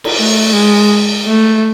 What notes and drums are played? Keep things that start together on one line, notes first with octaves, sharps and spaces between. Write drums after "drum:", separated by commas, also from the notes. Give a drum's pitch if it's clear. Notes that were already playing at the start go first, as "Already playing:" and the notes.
drum: cymbal
A3
G#3
A3